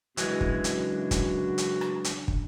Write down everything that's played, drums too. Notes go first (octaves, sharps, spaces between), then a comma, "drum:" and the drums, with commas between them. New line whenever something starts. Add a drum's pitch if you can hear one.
F#2 C#3 E3 G#3 D4 F#4, drum: hi-hat
drum: kick
drum: hi-hat
drum: kick, hi-hat
drum: hi-hat
drum: rim click
drum: hi-hat
drum: kick